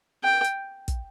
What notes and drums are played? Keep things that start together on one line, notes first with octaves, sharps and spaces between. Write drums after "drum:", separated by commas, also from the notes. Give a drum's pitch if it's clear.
G5
drum: hi-hat
drum: kick, hi-hat